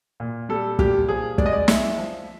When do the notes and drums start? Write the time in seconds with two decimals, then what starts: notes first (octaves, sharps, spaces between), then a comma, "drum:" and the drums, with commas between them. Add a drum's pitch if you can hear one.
0.20 A#2
0.49 G3 A4
0.79 A#2 G4, drum: kick
1.08 F3 G#4
1.38 G#3 D5, drum: kick
1.46 D#5
1.53 D5
1.68 G#3 E5, drum: snare
1.98 F3